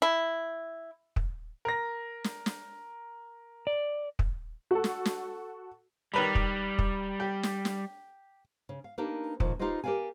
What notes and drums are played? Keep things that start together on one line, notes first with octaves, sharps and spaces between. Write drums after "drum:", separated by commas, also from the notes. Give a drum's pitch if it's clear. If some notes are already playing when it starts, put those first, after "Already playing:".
E4
drum: kick
A#4 A#6
drum: snare
drum: snare
D5
drum: kick
F#4 A4
drum: snare
drum: snare
D#3 G3 B4 B5
drum: kick
drum: kick
G4
drum: snare
drum: snare
C#3
F5
A#3 D4 D#4 G4 A#4 B4
F2 A#2 D#3 F3, drum: kick
D#4 F4 G4 B4 C5 D#5
G4 A#4 C5 D5 F5 G#5